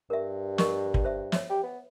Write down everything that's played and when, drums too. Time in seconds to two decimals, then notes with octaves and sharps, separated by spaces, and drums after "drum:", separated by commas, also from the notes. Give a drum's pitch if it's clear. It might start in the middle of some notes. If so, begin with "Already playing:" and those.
0.10 G2 A#4 E5
0.58 A#4 D#5 C#6, drum: snare
0.94 drum: kick
1.05 C5 E5
1.32 C#5 E5, drum: snare
1.50 G4
1.64 B3